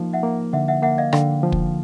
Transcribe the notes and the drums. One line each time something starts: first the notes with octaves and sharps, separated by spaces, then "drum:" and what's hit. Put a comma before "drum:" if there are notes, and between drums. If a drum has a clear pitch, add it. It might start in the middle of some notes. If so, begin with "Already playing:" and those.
Already playing: F3 A#3 D#4
E5 F#5
A#3
D3 E5 F#5
E5 F#5
A#3 E5 F#5
D#5 F5
D3 F5 G5, drum: rim click
F3
drum: kick